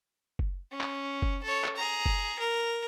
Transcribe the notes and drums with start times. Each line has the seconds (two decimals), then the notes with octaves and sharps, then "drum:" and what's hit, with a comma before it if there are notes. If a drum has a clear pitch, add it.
0.39 drum: kick F#1
0.72 C#4
0.81 drum: clap
1.22 drum: kick F#1
1.43 A4 C#5
1.64 drum: clap
1.76 G#4 A#5
2.06 drum: kick F#1
2.39 A#4